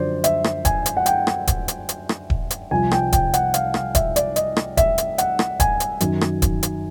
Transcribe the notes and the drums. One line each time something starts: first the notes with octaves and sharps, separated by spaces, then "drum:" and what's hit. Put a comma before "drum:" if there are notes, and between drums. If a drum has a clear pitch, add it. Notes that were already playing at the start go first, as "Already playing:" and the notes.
Already playing: F#2 D3 F3 C5 D5
E5, drum: hi-hat
drum: rim click
G#5, drum: kick D#1, hi-hat
drum: hi-hat
F#5
G5, drum: hi-hat
drum: rim click
drum: kick D#1, hi-hat
drum: hi-hat
drum: hi-hat
drum: rim click
drum: kick D#1
drum: hi-hat
C2 C3 F3 G#5
G5, drum: rim click
G5, drum: kick D#1, hi-hat
F#5, drum: hi-hat
F5, drum: hi-hat
F5, drum: rim click
E5, drum: kick D#1, hi-hat
D5, drum: hi-hat
D#5, drum: hi-hat
drum: rim click
E5, drum: kick D#1, hi-hat
drum: hi-hat
F#5, drum: hi-hat
drum: rim click
G#5, drum: kick D#1, hi-hat
drum: hi-hat
F#2 D#3, drum: hi-hat
drum: rim click
drum: kick D#1, hi-hat
drum: hi-hat